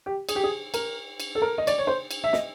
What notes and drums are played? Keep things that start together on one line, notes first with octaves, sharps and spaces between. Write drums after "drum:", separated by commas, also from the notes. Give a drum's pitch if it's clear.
G4
G#4, drum: cymbal
G4
G#4
A#4, drum: cymbal
drum: cymbal
A4
A#4
D#5
D5, drum: cymbal
C#5
C5
drum: cymbal
E5
D#5, drum: snare